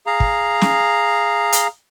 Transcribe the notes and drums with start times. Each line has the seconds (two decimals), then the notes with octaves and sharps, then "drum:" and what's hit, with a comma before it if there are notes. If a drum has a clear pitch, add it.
0.07 G#4 F5 A#5
0.20 drum: kick
0.61 drum: snare
1.52 drum: hi-hat